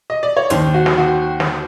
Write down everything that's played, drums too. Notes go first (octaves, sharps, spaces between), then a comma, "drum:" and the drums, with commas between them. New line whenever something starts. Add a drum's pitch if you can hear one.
D#5
D5
C#5
D#2 D#3 C5, drum: hi-hat
F#4
drum: snare
F#4
drum: snare